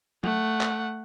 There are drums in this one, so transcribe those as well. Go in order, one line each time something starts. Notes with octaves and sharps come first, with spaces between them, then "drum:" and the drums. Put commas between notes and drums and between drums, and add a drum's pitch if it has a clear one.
A3 F#5, drum: tom
drum: clap